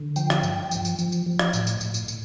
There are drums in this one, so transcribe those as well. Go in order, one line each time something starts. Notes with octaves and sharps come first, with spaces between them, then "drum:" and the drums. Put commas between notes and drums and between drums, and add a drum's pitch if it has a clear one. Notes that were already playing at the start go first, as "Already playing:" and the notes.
Already playing: D3
F3 G5, drum: tambourine
drum: rim click
G2, drum: tambourine
F3, drum: tambourine
drum: tambourine
F3, drum: tambourine
drum: tambourine
F3
drum: rim click
A2, drum: tambourine
drum: tambourine
A2, drum: tambourine
drum: tambourine
A2, drum: tambourine